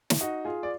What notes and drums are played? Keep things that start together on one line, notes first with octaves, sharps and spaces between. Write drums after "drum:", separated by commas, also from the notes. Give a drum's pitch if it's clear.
drum: snare
D#4 F#4
F4 G#4
D5